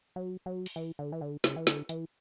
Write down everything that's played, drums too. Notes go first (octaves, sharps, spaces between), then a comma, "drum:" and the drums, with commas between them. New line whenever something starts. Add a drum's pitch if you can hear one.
F#3
F#3
drum: open hi-hat
E3
D3
E3
D3
C#3, drum: snare
E3
D3, drum: snare
E3, drum: hi-hat